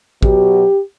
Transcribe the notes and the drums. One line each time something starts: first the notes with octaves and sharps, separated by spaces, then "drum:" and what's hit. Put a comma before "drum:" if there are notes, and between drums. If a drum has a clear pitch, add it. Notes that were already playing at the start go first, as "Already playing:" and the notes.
B2 F#3 G4, drum: kick